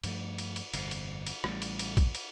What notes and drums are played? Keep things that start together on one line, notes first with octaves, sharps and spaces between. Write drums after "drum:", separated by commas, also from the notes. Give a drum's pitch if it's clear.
G2 F3 A3, drum: cymbal
drum: cymbal
drum: cymbal
G1 F2 C3, drum: cymbal
drum: cymbal
drum: cymbal
A1 A2 G3, drum: rim click
drum: cymbal
drum: cymbal
drum: kick A#1, cymbal
drum: cymbal